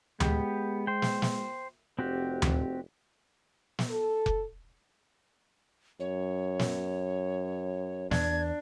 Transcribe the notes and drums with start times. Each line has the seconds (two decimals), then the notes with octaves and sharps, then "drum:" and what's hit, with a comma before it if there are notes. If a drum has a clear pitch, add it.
0.20 G#3 B3 G4, drum: tom D2
0.87 C5 G5
1.02 drum: snare
1.22 drum: snare
1.99 F1 C4 F#4 G4
2.42 drum: tom D2
3.79 drum: snare
3.90 A4
4.26 drum: kick F1
6.00 F#2 C#5
6.59 drum: snare
8.11 E2 D4 G#6, drum: snare